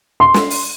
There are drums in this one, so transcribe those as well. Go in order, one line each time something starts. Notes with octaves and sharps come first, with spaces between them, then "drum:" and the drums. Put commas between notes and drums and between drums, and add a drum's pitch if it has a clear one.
C6
drum: snare
drum: open hi-hat